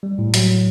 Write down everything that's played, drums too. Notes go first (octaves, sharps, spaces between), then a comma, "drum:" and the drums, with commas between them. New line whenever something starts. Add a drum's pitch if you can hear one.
G3
A2
F#3, drum: hi-hat